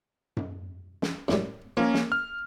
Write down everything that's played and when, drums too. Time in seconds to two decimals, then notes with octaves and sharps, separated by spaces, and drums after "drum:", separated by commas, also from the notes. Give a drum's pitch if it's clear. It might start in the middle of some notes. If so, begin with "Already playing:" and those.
0.37 drum: tom F#2
1.02 drum: snare
1.28 F#2 A2 G3, drum: snare
1.77 F3 A#3 C#4 A#4
1.94 drum: snare
2.12 F6